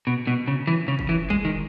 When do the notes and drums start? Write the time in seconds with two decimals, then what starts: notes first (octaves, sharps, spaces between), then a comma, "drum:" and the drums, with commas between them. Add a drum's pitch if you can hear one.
0.07 B2
0.27 B2
0.48 C#3
0.67 E3
0.88 C#3
0.99 drum: kick
1.09 E3
1.30 G#3, drum: kick
1.45 D#3